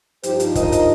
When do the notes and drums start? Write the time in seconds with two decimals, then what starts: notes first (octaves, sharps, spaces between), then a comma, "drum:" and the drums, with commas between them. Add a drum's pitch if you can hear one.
0.23 G2 F3 D#4 G4 C5, drum: hi-hat
0.40 drum: hi-hat
0.55 A#4 D#5, drum: kick, hi-hat
0.72 drum: hi-hat